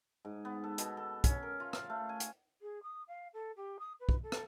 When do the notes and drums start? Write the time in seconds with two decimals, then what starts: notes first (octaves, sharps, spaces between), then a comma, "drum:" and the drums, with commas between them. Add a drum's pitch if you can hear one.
0.25 G#2
0.45 B3
0.64 A4
0.78 B2, drum: hi-hat
0.97 A4
1.24 C#4, drum: kick, hi-hat
1.43 A#4
1.60 F4
1.73 F5, drum: rim click
1.90 A3
2.09 G#5
2.20 drum: hi-hat
2.61 G#4
2.82 D#6
3.07 F5
3.33 A4
3.56 G4
3.79 D#6
3.99 B4
4.09 drum: kick
4.22 A4
4.32 drum: rim click